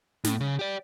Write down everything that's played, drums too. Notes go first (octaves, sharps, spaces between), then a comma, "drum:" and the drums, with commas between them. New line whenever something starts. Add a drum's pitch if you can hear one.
A2, drum: snare
C#3
G4 D5